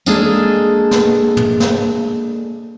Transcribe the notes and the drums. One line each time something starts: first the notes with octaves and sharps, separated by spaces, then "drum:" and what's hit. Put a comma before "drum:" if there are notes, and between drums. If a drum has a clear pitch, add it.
G#3 A#3 D4 G#4 A4, drum: tambourine
drum: snare
drum: tom
drum: snare